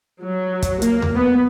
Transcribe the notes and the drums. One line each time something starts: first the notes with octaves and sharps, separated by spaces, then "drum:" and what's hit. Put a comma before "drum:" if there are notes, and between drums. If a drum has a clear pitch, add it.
F#3
drum: kick, hi-hat
A#3, drum: hi-hat
drum: tom D#2
B3